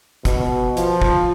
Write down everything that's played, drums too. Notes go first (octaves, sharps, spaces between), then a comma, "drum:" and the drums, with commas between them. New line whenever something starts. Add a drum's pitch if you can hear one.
B2, drum: kick, hi-hat
F3, drum: hi-hat
drum: kick